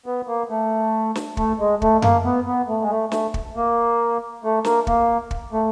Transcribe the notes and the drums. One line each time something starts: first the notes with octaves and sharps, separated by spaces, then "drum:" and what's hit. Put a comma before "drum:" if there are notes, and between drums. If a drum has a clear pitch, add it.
B3
A#3
A3
drum: snare
A3, drum: kick
G#3
A3, drum: kick
A#3, drum: tom F#2
B3
B3
A3
G#3
A3
A3, drum: snare
drum: kick
A#3
A3
A#3, drum: snare
A#3, drum: kick
drum: kick
A3